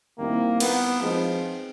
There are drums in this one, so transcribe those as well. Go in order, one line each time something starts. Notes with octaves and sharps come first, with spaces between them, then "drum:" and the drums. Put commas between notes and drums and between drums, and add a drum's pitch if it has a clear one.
D#3 G3 A#3 C4 E4
B3, drum: cymbal
F3 G#3 C4 D#4 G#4 B4